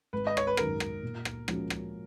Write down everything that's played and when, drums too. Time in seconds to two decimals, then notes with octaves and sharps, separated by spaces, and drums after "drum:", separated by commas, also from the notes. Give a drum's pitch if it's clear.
0.13 G#1 B4
0.27 D#5
0.37 C#5, drum: rim click
0.47 B4
0.57 F#2 D#3 G#3 C#4 A#4, drum: rim click
0.80 drum: rim click
1.03 A#2
1.25 drum: rim click
1.48 F3 G#3 C#4 F#4, drum: rim click
1.70 drum: rim click